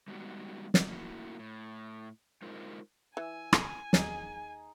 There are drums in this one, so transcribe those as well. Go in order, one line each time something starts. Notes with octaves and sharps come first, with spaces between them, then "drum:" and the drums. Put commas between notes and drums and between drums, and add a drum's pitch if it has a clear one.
G3 G#3 B3 D#4 F#4 G4
drum: snare
A2 A#3 E4 F#4
A2
G#3 D#4 F4 A#4 C5
E3 G#5 E6
drum: rim click
D#2 D#4 G#4, drum: snare